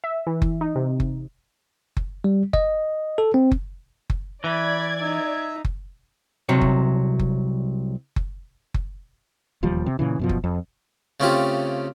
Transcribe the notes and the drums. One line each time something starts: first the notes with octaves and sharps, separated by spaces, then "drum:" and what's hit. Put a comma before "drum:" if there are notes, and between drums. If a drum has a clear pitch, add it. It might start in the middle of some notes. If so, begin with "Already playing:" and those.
E5
E3
drum: kick F#1
D#4
C3
drum: kick F#1
drum: kick F#1
G3
D#5, drum: kick F#1
A4
C4
drum: kick F#1
drum: kick F#1
E3 D5 B5 G#6
D#4 E5
drum: kick F#1
C2 C3 F#3 C#5
drum: kick F#1
drum: kick F#1
drum: kick F#1
drum: kick F#1
E1 D#2 F3 G3
C3
A#2 C#3 E3
F#2 B2 F3
drum: kick F#1
F2
C#3 A3 C4 C#4 F4 G4